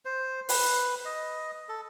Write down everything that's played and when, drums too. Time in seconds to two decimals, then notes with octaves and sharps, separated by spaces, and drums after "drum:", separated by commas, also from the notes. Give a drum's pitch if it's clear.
0.05 C5
0.49 B4, drum: open hi-hat
1.05 D#5
1.69 A4